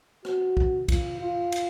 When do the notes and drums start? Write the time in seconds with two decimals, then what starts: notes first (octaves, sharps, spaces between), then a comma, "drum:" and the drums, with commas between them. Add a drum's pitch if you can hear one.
0.25 F#4, drum: rim click
0.57 drum: kick
0.88 F4, drum: kick, cymbal
1.20 F4
1.52 drum: cymbal